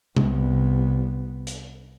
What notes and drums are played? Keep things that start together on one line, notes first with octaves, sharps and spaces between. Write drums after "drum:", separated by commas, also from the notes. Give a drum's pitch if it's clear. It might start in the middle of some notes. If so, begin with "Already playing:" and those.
C2 B3, drum: tom C3
drum: hi-hat